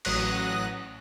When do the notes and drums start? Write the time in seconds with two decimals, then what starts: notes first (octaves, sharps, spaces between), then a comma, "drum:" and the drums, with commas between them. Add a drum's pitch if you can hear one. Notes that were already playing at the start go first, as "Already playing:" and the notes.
0.05 A1 F#3 D#6 F#6 A#6, drum: cymbal